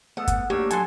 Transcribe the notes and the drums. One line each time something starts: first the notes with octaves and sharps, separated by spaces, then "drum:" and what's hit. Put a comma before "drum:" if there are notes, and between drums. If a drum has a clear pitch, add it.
A3 B3 F#5
drum: kick, hi-hat
A3 A#3 D4 G4 C#5
F#3 A4 G#5 C6, drum: hi-hat